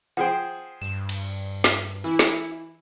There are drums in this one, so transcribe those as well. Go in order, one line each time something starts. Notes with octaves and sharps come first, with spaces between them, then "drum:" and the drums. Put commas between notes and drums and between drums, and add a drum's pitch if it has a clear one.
F3 G#4 C5 F#5 G5
G2 E7
drum: cymbal
drum: snare
E3 E4
drum: snare